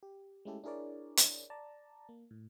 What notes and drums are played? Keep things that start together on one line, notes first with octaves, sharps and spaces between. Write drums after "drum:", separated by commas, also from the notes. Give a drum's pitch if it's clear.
G4
G#3 A3 C#4 E4 G4 A4
D4 E4 G#4 A#4 C#5 D5
drum: hi-hat
D5 A5 A#5
A#3
A2